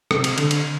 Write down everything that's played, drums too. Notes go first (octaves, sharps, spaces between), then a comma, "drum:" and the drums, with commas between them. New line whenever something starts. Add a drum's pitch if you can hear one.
C3, drum: rim click
drum: cymbal
D3, drum: cymbal
drum: cymbal